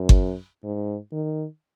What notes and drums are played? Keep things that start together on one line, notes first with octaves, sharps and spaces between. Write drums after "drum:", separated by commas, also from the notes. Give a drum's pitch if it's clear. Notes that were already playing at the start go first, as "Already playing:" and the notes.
Already playing: F#2
drum: kick G1
G#2
D#3